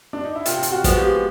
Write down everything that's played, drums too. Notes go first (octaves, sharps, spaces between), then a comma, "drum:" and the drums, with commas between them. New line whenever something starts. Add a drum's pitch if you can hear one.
D4
D#4
E4
C3 F4, drum: hi-hat
F4, drum: hi-hat
F#4
F3 G#3 B3, drum: kick, hi-hat
F#4
G4